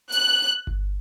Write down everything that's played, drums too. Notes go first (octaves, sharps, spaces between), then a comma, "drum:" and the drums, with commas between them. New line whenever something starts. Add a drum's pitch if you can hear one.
F#6, drum: hi-hat
drum: kick G1